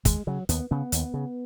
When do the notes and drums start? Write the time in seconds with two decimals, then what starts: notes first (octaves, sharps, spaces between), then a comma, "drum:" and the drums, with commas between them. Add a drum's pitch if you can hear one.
0.05 D#2 G#3, drum: kick, hi-hat
0.27 C#3 F#3
0.49 D#2 B3, drum: hi-hat
0.71 C#3 B3
0.92 D#2, drum: hi-hat
1.14 C#3